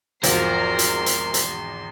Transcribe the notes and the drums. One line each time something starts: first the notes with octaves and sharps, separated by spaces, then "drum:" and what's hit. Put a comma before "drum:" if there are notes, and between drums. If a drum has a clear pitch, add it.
G#1 E2 B2 F3 A#4 C6, drum: hi-hat
drum: hi-hat
drum: hi-hat
drum: hi-hat